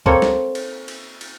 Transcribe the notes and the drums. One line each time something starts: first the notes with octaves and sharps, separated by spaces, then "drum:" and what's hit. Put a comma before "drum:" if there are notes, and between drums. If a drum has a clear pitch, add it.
A#3 C4 A4 C#5, drum: kick
drum: snare
drum: cymbal
drum: cymbal
drum: cymbal